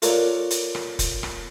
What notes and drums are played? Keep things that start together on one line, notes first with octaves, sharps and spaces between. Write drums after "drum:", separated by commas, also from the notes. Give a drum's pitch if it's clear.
F4 A4 A#4 C#5 D5 F#5, drum: hi-hat
drum: hi-hat
drum: rim click
drum: kick, hi-hat
drum: rim click